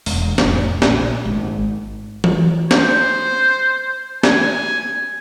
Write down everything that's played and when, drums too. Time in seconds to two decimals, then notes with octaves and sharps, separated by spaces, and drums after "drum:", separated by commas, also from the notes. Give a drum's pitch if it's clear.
0.06 E1, drum: open hi-hat
0.38 F1 A2, drum: snare
0.82 A#1, drum: snare
1.25 G#1
2.24 drum: tom E3
2.71 C5, drum: snare
4.23 G#5, drum: snare